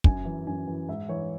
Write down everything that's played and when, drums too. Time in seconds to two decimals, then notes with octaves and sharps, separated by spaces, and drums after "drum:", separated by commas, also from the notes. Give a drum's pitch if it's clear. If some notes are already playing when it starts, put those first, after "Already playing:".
0.04 F#2 G#5, drum: kick
0.25 E3
0.47 F#2 G#5
0.67 E3
0.88 G#2 E5
1.09 E3 C#5